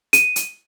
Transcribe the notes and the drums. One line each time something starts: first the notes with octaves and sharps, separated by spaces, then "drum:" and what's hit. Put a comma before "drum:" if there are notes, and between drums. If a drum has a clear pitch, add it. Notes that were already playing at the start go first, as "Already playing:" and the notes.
D#7, drum: hi-hat
drum: hi-hat